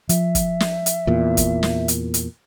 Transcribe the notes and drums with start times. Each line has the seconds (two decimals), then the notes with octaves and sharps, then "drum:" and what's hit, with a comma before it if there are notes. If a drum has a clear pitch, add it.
0.09 F3 E5, drum: hi-hat
0.35 drum: kick, hi-hat
0.60 drum: snare
0.86 drum: hi-hat
1.07 E2 A#2
1.37 drum: kick, hi-hat
1.63 drum: snare
1.88 drum: hi-hat
2.14 drum: hi-hat